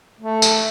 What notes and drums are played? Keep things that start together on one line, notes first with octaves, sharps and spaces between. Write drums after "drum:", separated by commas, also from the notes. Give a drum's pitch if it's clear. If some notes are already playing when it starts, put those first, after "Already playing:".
A3
drum: tambourine